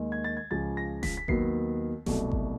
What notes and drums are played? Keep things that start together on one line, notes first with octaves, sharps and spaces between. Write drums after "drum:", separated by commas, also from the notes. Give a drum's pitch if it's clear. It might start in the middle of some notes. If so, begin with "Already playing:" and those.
Already playing: D#2 D#3 G#3
G#6
A6
G#6
C#2 C#3 F3 A6
A#6
B6, drum: snare D#1
B6
D#2 D#3 F#3 B3 C7, drum: kick G#1
C2 B2 F#3 A3, drum: snare D#1
drum: kick G#1